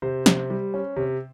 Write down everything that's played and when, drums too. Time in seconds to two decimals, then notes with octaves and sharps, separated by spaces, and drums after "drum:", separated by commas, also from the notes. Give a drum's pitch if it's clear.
0.02 C3 C5
0.26 C3, drum: snare
0.50 G3
0.74 C#4
0.96 C3